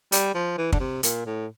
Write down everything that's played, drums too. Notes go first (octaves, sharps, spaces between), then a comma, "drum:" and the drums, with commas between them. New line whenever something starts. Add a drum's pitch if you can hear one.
G3, drum: hi-hat
F3
E3
D3, drum: kick
C3
A#2, drum: hi-hat
A2